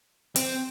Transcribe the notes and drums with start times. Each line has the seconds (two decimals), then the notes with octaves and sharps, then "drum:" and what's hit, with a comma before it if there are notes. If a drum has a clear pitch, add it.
0.36 C4, drum: hi-hat